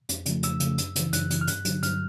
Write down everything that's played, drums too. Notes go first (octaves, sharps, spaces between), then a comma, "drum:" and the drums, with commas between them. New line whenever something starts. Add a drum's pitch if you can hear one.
F2, drum: hi-hat
C#3 F3 A3, drum: hi-hat
F2 E6, drum: hi-hat
C#3 F3 A3, drum: hi-hat
F#2, drum: hi-hat
C#3 E3, drum: hi-hat
F#2 F#6, drum: hi-hat
C#3 E3, drum: hi-hat
F6
G2 F#6, drum: hi-hat
D3 F#3, drum: hi-hat
G2 F6, drum: hi-hat